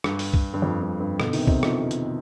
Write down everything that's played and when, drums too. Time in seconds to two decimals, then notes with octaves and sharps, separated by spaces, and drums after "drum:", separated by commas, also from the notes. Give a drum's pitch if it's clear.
0.04 G2, drum: rim click
0.19 drum: open hi-hat
0.33 drum: kick
0.54 G2
0.62 F2
0.82 G2
1.00 G2
1.20 B2 D3, drum: rim click
1.33 C3 D#3, drum: open hi-hat
1.47 C3 D#3, drum: kick
1.63 D3 F3, drum: rim click
1.91 drum: hi-hat